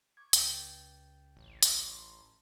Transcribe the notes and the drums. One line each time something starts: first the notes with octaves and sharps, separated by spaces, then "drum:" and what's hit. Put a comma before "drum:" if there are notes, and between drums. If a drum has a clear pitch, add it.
C#6 D6 G#6
C#2 G5 G6 A6, drum: hi-hat
A1
drum: hi-hat